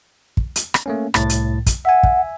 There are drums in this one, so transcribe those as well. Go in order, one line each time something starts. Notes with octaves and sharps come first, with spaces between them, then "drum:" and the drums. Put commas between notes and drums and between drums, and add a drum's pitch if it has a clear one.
drum: kick
drum: hi-hat
drum: rim click
A3 A#3 C#4
C2 A2 A6, drum: rim click
drum: hi-hat
drum: kick, hi-hat
E5 F#5 G#5
drum: kick